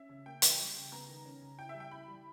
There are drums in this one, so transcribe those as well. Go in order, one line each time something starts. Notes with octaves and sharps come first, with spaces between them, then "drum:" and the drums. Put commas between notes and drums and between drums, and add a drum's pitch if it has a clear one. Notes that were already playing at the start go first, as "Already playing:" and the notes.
Already playing: C#4 E5
C#3
A#3 G5
E3, drum: hi-hat
G3
C#3
B3 A#5
D#3
C#4
C#3
E4 G5
E5
G3
G5
E4 B5
G3